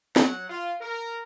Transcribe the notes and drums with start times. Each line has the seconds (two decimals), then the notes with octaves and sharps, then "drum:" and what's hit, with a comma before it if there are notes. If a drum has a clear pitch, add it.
0.16 F#3 F#5, drum: snare
0.49 F4
0.81 A#4